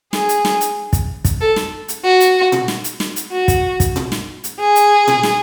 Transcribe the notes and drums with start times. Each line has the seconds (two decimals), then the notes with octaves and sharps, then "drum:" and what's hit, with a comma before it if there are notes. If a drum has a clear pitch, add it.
0.13 G#4, drum: snare
0.29 drum: hi-hat
0.45 drum: snare
0.61 drum: hi-hat
0.93 drum: kick, hi-hat
1.25 drum: kick, hi-hat
1.41 A4
1.56 drum: snare
1.88 drum: hi-hat
2.05 F#4
2.20 drum: hi-hat
2.52 drum: tom A#2
2.68 drum: snare
2.84 drum: hi-hat
3.00 drum: snare
3.16 drum: hi-hat
3.32 F#4
3.48 drum: kick, hi-hat
3.80 drum: kick, hi-hat
3.96 drum: tom A#2
4.12 drum: snare
4.44 drum: hi-hat
4.60 G#4
4.76 drum: hi-hat
5.07 drum: tom A#2
5.23 drum: snare